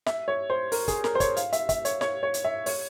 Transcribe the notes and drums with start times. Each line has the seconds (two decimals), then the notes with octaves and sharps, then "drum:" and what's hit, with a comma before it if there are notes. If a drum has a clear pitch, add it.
0.06 E5, drum: snare
0.28 C#5
0.50 C5
0.72 A#4, drum: open hi-hat
0.88 G#4, drum: kick, hi-hat
1.04 A#4, drum: snare
1.15 C5
1.20 C#5, drum: kick, hi-hat
1.37 F5, drum: hi-hat
1.53 E5, drum: hi-hat
1.69 E5, drum: kick, hi-hat
1.85 C#5, drum: hi-hat
2.01 C#5, drum: snare
2.23 C#5
2.34 drum: hi-hat
2.45 E5
2.66 C#5, drum: open hi-hat